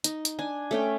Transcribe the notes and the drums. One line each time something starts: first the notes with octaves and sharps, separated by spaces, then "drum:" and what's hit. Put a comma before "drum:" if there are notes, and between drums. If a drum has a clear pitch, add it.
D#4, drum: hi-hat
drum: hi-hat
D4 G#5
A3 C#4 G5